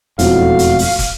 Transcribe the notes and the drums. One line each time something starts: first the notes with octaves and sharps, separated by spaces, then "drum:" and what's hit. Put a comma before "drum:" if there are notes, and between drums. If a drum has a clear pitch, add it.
E1 F2 A2 F#4 F5, drum: hi-hat
drum: hi-hat
drum: open hi-hat
drum: kick, hi-hat